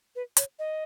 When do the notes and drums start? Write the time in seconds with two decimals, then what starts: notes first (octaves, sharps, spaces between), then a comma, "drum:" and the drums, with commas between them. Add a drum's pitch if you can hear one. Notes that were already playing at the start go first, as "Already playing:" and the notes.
0.15 B4
0.37 C#5, drum: hi-hat
0.59 D#5